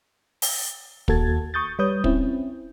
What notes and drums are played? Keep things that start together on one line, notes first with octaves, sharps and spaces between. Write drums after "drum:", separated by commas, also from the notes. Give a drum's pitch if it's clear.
drum: open hi-hat
D#2 A#3 F#4 A4 G#6 A6, drum: kick
C#6 D#6 G6 A6
G3 B4 C#5 D#6 G6
C4 C#4 E4, drum: kick